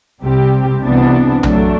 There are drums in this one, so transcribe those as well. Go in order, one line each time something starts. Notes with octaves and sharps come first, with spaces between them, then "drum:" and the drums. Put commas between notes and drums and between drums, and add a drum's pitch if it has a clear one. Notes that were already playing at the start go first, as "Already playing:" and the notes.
C2 C3 G3 C4 G4
C2 C3 E3 B3 D4
F#3 A3 D4, drum: tom B1